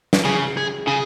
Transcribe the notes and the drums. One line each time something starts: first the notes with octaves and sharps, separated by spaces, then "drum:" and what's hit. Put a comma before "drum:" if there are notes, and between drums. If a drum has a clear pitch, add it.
drum: snare
C#3 G#4
G#4
C#3 G#4